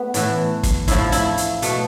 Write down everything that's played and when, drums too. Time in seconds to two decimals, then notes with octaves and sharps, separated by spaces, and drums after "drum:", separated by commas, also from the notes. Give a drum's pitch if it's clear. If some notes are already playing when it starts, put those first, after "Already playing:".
Already playing: A3 B3
0.14 A2 E3, drum: hi-hat
0.63 drum: kick, hi-hat
0.88 A2 F3 E4, drum: kick, hi-hat
1.12 E4, drum: hi-hat
1.37 drum: hi-hat
1.62 B2 A3, drum: hi-hat